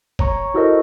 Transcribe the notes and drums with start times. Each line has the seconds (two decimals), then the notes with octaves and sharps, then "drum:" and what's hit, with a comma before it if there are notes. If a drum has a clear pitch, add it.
0.19 C#5 A#5 C#6, drum: kick
0.54 E4 F#4 A4 A#4 C5 D#5